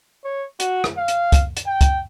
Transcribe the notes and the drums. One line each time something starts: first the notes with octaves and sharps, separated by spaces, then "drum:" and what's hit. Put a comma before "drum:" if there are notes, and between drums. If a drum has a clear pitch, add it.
C#5
F#4, drum: hi-hat
drum: rim click
F5
drum: hi-hat
drum: kick C#2, hi-hat
drum: hi-hat
G5
drum: kick C#2, hi-hat